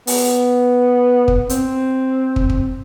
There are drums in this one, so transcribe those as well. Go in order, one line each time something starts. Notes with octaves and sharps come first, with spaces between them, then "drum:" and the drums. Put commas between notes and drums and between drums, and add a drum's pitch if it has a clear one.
B3, drum: open hi-hat
drum: kick
C4, drum: hi-hat
drum: kick
drum: kick